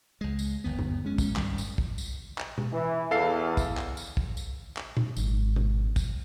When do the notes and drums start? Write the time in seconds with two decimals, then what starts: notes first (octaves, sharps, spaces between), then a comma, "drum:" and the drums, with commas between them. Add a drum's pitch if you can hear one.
0.21 C#2 G#3
0.39 drum: tambourine
0.64 G1 D#2 B3
0.79 drum: tom G2
1.05 G#3 C#4
1.18 drum: kick, tambourine
1.36 G#1 G2 D#3 G3, drum: clap
1.58 drum: tambourine
1.78 drum: kick
1.98 drum: tambourine
2.38 drum: clap
2.58 drum: tom B2
2.73 E3
3.11 E2 A4 F5 C7
3.57 drum: kick, tambourine
3.77 drum: clap
3.97 drum: tambourine
4.17 drum: kick
4.37 drum: tambourine
4.77 drum: clap
4.97 drum: tom A#2
5.17 G#1 G#3, drum: tambourine
5.56 drum: tom B2
5.96 drum: kick, tambourine